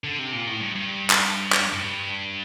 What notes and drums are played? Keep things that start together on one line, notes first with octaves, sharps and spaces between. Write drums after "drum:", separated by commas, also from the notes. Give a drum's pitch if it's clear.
D3
C3
A#2
A2
G2
G2
drum: clap
drum: clap
G2